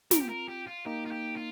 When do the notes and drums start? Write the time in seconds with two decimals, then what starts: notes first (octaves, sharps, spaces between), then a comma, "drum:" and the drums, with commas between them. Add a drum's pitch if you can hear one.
0.11 C4 F4 A#4, drum: snare
0.21 G4
0.29 A#4
0.48 G4
0.67 F4
0.86 A#3 D#4 G4
1.06 F4
1.11 G4
1.36 F4